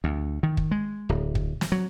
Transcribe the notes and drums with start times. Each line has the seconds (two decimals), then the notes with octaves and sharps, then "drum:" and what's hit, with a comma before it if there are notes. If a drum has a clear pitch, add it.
0.04 D2
0.43 D#3
0.57 drum: kick
0.71 G#3
1.09 D1
1.35 drum: kick
1.61 drum: snare
1.72 F#3